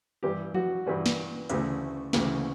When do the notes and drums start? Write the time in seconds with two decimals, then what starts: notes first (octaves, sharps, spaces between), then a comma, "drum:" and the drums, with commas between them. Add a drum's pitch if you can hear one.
0.23 G2 E3 G3 G4
0.54 F#4, drum: tom F3
0.86 G2 E3 G3
1.06 drum: snare
1.50 D2 C#3 E3 A3, drum: hi-hat
2.13 D2 C#3 E3 A3, drum: snare